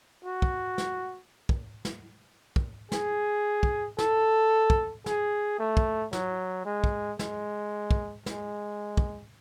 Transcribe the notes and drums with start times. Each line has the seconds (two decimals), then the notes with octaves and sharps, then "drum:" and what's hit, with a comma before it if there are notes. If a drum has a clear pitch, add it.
0.25 F#4
0.42 drum: kick
0.78 drum: snare
1.49 drum: kick
1.85 drum: snare
2.56 drum: kick
2.92 G#4, drum: snare
3.63 drum: kick
3.98 A4, drum: snare
4.70 drum: kick
5.06 G#4, drum: snare
5.59 A3
5.77 drum: kick
6.13 F#3, drum: snare
6.65 G#3
6.84 drum: kick
7.19 G#3, drum: snare
7.91 drum: kick
8.26 G#3, drum: snare
8.97 drum: kick